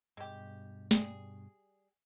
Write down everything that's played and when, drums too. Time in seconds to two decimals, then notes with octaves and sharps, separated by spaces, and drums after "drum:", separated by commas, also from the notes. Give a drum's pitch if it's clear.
0.17 G2 B2 G#3 G4
0.91 G3 G#4, drum: snare